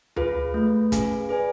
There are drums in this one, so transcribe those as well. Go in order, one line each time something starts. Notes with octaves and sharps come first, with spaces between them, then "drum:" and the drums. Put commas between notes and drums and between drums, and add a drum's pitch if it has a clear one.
F4 G#4 B4 F5, drum: tom D2
A3 F4 B4
C#4 G#4 B4 F5 G#5, drum: kick, hi-hat
G#4 B4 D5 G#5